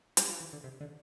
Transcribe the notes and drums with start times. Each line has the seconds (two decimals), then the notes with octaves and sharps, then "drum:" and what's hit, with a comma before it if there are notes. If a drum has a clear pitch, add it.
0.17 G3, drum: hi-hat
0.29 F3
0.40 E3
0.53 D3
0.64 C3
0.81 D3